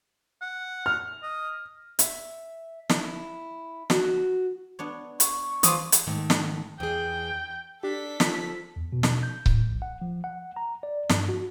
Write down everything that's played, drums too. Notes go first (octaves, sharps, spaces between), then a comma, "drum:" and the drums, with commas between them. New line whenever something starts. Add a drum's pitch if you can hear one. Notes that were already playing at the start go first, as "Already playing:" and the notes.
F#5
F6
D#5
E5, drum: hi-hat
E4, drum: snare
F#4, drum: snare
B3 D4 C#5
C#6, drum: hi-hat
E3 F3 F4 D6 D#6, drum: hi-hat
drum: hi-hat
G#2 D#3 A3
drum: snare
E2 G#4 G5
D4 G4 A4 B6
F3, drum: snare
E2
B2
drum: snare
G6
A2, drum: kick C#1
A#1
F#5
F3
F#5
A#5
D5
G2, drum: snare
F#4